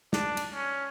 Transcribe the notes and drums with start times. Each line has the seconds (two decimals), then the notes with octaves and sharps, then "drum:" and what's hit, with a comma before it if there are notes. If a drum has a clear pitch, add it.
0.13 D4, drum: snare
0.37 drum: cymbal
0.54 C#4